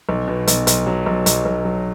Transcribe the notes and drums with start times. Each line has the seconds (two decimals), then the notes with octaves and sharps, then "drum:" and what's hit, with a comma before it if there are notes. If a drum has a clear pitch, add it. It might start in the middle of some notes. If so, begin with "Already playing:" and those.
0.09 B1
0.28 B2
0.47 B1, drum: hi-hat
0.67 B1, drum: hi-hat
0.86 F#3
1.06 B1
1.26 B1, drum: hi-hat
1.45 B1
1.65 F#3